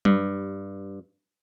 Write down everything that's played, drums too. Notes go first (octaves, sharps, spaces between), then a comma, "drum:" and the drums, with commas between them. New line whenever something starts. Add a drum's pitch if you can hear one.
G2, drum: tom F#3